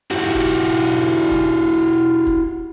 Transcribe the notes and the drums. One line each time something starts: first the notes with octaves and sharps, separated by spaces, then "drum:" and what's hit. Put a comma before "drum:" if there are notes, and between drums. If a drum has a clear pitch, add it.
E4 F#4 G4
drum: kick F1, hi-hat
drum: hi-hat
drum: kick F1, hi-hat
drum: hi-hat
drum: kick F1, hi-hat